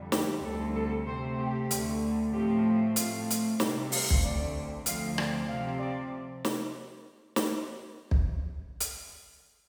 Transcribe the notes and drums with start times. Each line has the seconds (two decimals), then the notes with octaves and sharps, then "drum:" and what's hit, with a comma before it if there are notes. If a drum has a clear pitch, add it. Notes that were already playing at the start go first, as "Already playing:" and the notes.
Already playing: F2 D3 G3
0.12 G4, drum: snare
0.44 D2 D3 G3 C4 A4
0.75 A4
1.07 C3 A3 C4 C5
1.39 G4
1.71 D2 D3 A3, drum: hi-hat
2.33 A2 F3 A3 C4 G4
2.96 A2 A3 C4 F4, drum: hi-hat
3.30 drum: hi-hat
3.60 C3 G3 C4, drum: snare
3.92 F5, drum: open hi-hat
4.10 drum: kick
4.22 D2 D3 A3 C4 D5
4.86 D2 D3 F3 C4 F5, drum: hi-hat
5.18 D5, drum: rim click
5.49 C3 F3 C4 F5
5.80 D5
6.45 drum: snare
7.36 drum: snare
8.11 drum: kick
8.80 drum: hi-hat